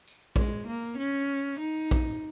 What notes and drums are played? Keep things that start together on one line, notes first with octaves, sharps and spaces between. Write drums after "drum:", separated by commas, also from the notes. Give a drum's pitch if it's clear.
drum: tambourine
G#3, drum: kick A#1
A#3
C#4
D#4
drum: kick A#1